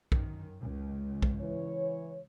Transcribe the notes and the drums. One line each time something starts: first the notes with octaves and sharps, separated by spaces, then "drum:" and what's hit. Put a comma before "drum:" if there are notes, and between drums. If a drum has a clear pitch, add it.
F#2 D#3, drum: kick B1
C#2
drum: kick B1
E3 C#5